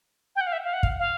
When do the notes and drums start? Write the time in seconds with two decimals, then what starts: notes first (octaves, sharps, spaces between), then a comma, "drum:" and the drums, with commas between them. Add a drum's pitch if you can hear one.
0.36 G5
0.41 F#5
0.47 F5
0.53 E5
0.64 F5
0.73 F#5
0.83 F5, drum: kick
0.99 F5